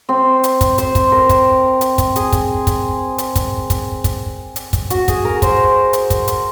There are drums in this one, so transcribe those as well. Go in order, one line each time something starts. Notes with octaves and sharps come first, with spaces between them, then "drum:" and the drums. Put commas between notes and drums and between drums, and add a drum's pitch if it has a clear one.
C4
drum: hi-hat
drum: kick, hi-hat
C5, drum: hi-hat
drum: kick, hi-hat
A#4
drum: kick, hi-hat
drum: hi-hat
drum: kick, hi-hat
G#4, drum: hi-hat
drum: kick, hi-hat
drum: kick, hi-hat
drum: hi-hat
drum: kick, hi-hat
drum: kick, hi-hat
drum: kick, hi-hat
drum: hi-hat
drum: kick, hi-hat
F#4, drum: hi-hat
G#4, drum: kick, hi-hat
A#4
C5, drum: kick, hi-hat
drum: hi-hat
drum: kick, hi-hat
drum: hi-hat